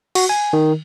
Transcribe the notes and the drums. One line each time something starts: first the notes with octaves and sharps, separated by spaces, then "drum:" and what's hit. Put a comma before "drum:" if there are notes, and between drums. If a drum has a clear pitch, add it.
F#4, drum: cymbal
G#5
D#3